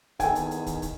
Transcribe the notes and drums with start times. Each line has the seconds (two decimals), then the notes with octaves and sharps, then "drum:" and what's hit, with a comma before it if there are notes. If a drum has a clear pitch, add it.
0.20 E2 D#3 A4 G5 G#5, drum: kick, hi-hat
0.35 drum: hi-hat
0.51 drum: hi-hat
0.66 drum: kick, hi-hat
0.82 drum: kick, hi-hat